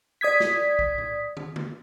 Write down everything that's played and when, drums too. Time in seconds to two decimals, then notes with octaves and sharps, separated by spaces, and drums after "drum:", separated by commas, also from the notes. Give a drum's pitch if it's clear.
0.21 D5 D#6 G#6 B6
0.40 drum: snare
0.79 drum: kick
0.98 drum: tom A2
1.37 drum: tom
1.56 drum: tom